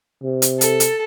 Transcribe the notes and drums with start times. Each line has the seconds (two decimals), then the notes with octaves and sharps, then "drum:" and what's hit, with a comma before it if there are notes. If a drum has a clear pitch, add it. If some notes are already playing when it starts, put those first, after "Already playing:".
0.23 C3
0.42 drum: hi-hat
0.61 A4, drum: hi-hat
0.80 drum: hi-hat